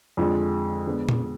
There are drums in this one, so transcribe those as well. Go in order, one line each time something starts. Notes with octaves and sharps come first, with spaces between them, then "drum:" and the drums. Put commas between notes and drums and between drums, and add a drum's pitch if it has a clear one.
F2 D3 F3 G#3
D3 G#3 B3
drum: tom